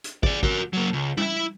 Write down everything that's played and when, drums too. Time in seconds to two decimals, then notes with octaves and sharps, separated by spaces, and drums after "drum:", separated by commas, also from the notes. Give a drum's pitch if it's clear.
0.04 drum: hi-hat
0.23 G#4 D5, drum: kick
0.43 F#4 A#4, drum: kick
0.73 F#3 A#3
0.93 C#2
1.17 E4 E5, drum: tom G3